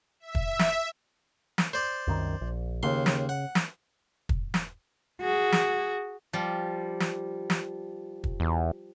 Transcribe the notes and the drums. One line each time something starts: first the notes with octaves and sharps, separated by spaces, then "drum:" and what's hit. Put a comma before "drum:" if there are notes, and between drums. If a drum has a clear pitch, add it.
E5
drum: kick
drum: snare
drum: snare
C5 D5
C2 F#2 D#3
A#1
D#2 C#3 C6
drum: snare
F#5
drum: snare
drum: kick
drum: snare
F#4 G#4
drum: snare
F3 G3
drum: snare
drum: snare
drum: kick
E2